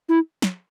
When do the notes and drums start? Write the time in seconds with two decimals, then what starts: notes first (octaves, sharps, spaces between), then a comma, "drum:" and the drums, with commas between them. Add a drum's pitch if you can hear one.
0.09 E4
0.42 drum: snare